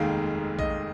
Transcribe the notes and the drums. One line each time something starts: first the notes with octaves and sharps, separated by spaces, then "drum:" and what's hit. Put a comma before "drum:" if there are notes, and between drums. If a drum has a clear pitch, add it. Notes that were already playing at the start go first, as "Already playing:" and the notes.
Already playing: F1 D#2 D#3 G#3 F5
D#5, drum: kick A#1